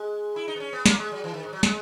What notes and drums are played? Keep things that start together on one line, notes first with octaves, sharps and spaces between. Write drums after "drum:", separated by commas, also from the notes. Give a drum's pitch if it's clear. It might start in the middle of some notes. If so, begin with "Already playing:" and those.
Already playing: G#3
E4
D#4
B3
C#4
B3
A#3, drum: snare
G#3
F#3
E3
D#3
G#2
F#3
G#3, drum: snare